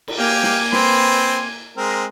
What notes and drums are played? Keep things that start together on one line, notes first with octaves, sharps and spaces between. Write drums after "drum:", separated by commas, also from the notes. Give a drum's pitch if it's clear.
drum: cymbal
A#3 G4 F5 G#5
drum: snare
C4 B4 C6, drum: snare
G#3 C4 A#4